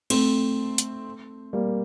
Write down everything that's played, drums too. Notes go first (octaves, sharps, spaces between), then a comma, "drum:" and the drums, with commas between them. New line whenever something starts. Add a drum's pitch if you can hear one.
A3 C4, drum: cymbal
drum: hi-hat
G3 A#3